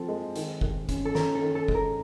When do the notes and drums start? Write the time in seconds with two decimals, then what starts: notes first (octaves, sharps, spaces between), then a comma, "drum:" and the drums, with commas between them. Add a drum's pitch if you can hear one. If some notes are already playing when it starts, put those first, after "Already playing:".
Already playing: F3 C4 A4
0.08 G#3
0.36 D#3, drum: hi-hat
0.61 D#3, drum: kick F#1
0.89 C#4, drum: kick F#1, hi-hat
1.05 A4
1.15 C#4 A#4, drum: snare
1.35 A4
1.42 D#3
1.55 A4
1.68 G#3, drum: kick F#1
1.75 A#4